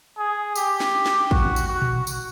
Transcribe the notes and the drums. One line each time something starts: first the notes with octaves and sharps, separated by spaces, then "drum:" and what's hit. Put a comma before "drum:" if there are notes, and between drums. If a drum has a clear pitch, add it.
G#4
G4, drum: tambourine
drum: snare
drum: snare
F#4, drum: kick
drum: tambourine
F#4
drum: tom A#2
drum: tambourine